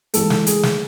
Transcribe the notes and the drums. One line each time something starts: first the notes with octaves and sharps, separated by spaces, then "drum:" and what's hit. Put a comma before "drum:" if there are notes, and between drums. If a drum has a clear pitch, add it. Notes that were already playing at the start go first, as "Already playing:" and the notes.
G#2 E3 G#3 A4, drum: hi-hat
drum: snare
G#4, drum: hi-hat
drum: snare